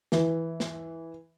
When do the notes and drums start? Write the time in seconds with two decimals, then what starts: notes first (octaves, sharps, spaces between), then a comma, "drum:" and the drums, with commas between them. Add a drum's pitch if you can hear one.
0.12 E3, drum: snare
0.60 drum: snare